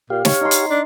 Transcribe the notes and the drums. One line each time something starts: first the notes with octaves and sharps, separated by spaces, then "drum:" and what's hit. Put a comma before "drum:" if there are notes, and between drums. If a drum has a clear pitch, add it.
A#2 G4 F5
C#5, drum: snare
D#4 C6
drum: hi-hat
D4